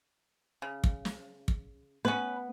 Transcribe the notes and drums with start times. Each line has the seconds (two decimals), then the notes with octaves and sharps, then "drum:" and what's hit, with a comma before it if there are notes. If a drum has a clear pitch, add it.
0.62 C#3
0.84 drum: kick
1.05 drum: snare
1.48 drum: kick
2.05 B3 C#4 B4